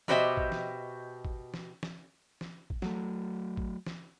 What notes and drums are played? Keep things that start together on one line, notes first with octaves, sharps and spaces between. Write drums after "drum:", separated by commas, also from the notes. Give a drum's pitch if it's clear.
B2 F#4 G4 C5 D#5 E5, drum: snare
drum: kick
drum: snare
drum: kick
drum: snare
drum: snare
drum: snare
drum: kick
F#3 A3, drum: snare
drum: kick
drum: snare